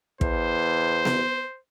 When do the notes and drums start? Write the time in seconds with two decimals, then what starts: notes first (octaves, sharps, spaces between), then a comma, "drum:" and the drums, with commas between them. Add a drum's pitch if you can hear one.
0.21 E2 C5, drum: kick
1.05 drum: snare B3